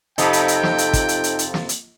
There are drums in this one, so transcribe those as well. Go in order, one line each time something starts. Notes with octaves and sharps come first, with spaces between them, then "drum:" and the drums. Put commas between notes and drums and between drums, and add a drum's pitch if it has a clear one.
F2 C3 D#4 A4 D#5 G5, drum: hi-hat
drum: hi-hat
drum: hi-hat
drum: snare
drum: hi-hat
drum: kick, hi-hat
drum: hi-hat
drum: hi-hat
drum: hi-hat
drum: snare
drum: hi-hat